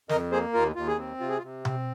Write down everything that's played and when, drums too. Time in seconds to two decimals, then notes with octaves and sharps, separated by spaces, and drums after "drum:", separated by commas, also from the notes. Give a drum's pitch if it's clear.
0.09 F2 A#4 D#5, drum: snare
0.32 A#3 G#4 C5
0.54 D#2 F4 A#4
0.76 D#2 F4
0.87 G#4
0.98 C4
1.20 C3 F4
1.29 G#4
1.38 F4
1.42 C3
1.65 C4, drum: tom B2